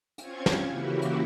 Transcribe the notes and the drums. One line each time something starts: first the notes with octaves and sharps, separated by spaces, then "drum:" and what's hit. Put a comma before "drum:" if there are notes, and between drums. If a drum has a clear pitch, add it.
C4 C#4 F4 C#6 G#6, drum: hi-hat
drum: snare
C#3 E3 A#3 E4 F#4 G4
drum: hi-hat